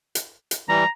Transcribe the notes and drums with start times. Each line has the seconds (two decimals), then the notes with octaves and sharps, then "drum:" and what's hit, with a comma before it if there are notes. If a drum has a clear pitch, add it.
0.15 drum: hi-hat
0.51 drum: hi-hat
0.69 E3 G3 A#5